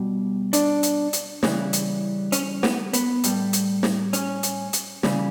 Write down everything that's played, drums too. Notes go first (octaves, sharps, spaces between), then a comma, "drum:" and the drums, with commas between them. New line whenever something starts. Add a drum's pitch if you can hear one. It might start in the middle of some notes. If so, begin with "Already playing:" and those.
Already playing: B2 G3
D4, drum: hi-hat
drum: hi-hat
drum: hi-hat
C#3 E3 G3, drum: snare
drum: hi-hat
C#4, drum: hi-hat
B3, drum: snare
B3, drum: hi-hat
A2 G3, drum: hi-hat
drum: hi-hat
drum: snare
C#4, drum: hi-hat
drum: hi-hat
drum: hi-hat
C#3 E3 G3, drum: snare